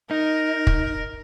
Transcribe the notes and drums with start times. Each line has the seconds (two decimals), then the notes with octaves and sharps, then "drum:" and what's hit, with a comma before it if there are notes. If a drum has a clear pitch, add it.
0.11 D#4 A#4
0.67 drum: kick